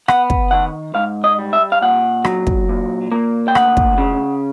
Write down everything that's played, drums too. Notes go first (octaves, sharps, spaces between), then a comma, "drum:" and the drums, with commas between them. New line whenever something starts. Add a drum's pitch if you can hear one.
B3 F#5, drum: rim click
drum: kick
D#3 F#5
G#2 F5
D#5
G3
E5
F5
A#2 F#5
F#3, drum: rim click
drum: kick
A#2
A#3
G5
D2 F#5, drum: rim click
drum: kick
C#3